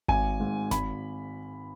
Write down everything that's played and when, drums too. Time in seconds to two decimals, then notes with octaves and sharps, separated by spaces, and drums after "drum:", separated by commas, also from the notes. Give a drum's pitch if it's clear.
0.08 G#1 G#5, drum: kick G#1
0.39 G#2 D#3
0.71 G#1 B5, drum: snare G1